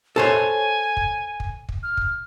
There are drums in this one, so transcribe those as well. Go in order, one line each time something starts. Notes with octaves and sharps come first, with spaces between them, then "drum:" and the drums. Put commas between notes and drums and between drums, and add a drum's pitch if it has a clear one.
A4 C5 C#5 G#5
drum: kick
drum: kick
drum: kick
F6
drum: kick